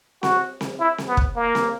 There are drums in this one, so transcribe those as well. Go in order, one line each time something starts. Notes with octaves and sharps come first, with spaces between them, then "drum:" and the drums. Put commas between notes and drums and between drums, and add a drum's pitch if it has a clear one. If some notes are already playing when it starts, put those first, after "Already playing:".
F#4, drum: snare C4
drum: snare C4
E4
drum: snare C4
B3
drum: kick
A#3
drum: snare C4